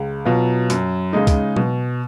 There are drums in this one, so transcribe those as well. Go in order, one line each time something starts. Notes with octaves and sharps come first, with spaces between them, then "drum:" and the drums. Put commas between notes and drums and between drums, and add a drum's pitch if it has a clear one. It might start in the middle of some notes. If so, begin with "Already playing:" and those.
Already playing: C#2
B2 F#3 B3 F4
F#2, drum: hi-hat
C#3 G#3 D#4
drum: kick, hi-hat
B2, drum: tom F#3